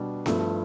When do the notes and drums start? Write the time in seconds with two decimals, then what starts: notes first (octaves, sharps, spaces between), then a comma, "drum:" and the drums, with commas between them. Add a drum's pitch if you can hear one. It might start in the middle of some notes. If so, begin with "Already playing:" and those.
Already playing: B2 G3 D4
0.26 G2 F3 A3 E4, drum: snare B3